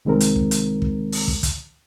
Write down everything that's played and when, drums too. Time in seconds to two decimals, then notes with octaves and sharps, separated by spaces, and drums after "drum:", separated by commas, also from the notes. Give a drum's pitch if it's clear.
0.05 C2 D#3 G#3 C4 A#4
0.20 drum: hi-hat
0.36 drum: kick
0.51 drum: hi-hat
0.82 drum: kick
1.12 drum: open hi-hat
1.28 drum: kick
1.43 drum: kick, hi-hat